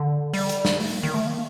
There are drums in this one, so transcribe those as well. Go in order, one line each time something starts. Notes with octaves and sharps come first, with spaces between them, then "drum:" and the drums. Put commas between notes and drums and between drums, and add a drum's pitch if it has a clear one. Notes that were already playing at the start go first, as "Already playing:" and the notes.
Already playing: D3
G3, drum: open hi-hat
drum: hi-hat
drum: snare
A3, drum: open hi-hat
A#3
D#3
A3
A#3